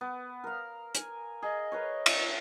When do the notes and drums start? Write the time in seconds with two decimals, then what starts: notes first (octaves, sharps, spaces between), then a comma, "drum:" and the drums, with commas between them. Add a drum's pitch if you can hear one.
0.01 B3
0.44 A#4 F5
0.95 G#5, drum: hi-hat
1.42 G#4 D#5
1.72 A#4 B4 C#5
2.06 drum: cymbal